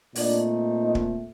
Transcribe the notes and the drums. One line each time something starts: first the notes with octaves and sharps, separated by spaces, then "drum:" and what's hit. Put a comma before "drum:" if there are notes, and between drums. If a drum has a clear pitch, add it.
A#2 A3 C4 D4 D#4 D5, drum: open hi-hat
D#4 D#5
drum: kick